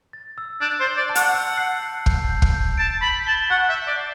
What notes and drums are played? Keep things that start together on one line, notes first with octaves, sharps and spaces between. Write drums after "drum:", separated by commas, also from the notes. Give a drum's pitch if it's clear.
A6
E6
D4 G6
C5
G6
D5
A5
F#5, drum: hi-hat
E6
C7
C7
G6, drum: kick
G6
drum: kick
G6
A5 D7
B5 G6
A5 G7
F#5 G6
E5
G6
D5
C7